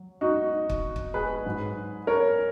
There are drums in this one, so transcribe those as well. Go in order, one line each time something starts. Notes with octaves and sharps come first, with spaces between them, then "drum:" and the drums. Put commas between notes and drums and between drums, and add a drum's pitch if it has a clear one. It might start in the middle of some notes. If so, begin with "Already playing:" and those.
Already playing: F#3
D#4 F#4
drum: kick
drum: kick
G#4 B4
G#2 F#3
A#4 C#5